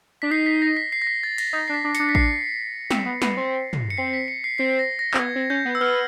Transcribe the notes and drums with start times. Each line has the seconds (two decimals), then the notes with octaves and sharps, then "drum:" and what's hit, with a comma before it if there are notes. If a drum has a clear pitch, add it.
0.22 D4 B6
0.31 D#4 C7
0.46 B6
0.62 A#6
0.77 B6
0.92 C7
1.02 A#6
1.07 B6
1.23 A6
1.38 A#6, drum: cymbal
1.53 D#4 A#6
1.68 D4 C7
1.74 B6
1.84 D4
1.95 C#7, drum: hi-hat
2.00 D4
2.09 B6
2.15 C7, drum: kick A1
2.91 C4, drum: snare
3.06 B3
3.22 B3, drum: snare
3.37 C4
3.73 drum: tom
3.90 C#7
3.97 C4 C7
4.13 B6
4.28 C#7
4.44 C7
4.58 C4 C7
4.79 A#6
4.99 A#6
5.14 C4, drum: clap
5.19 B3 G#6
5.36 C4
5.50 C#4 G6
5.65 B3
5.75 E6
5.81 B3 F6